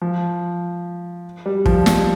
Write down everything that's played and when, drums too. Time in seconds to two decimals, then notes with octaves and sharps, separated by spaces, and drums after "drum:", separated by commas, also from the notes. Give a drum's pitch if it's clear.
0.01 F3
1.46 G3
1.66 F3, drum: kick
1.86 G3, drum: snare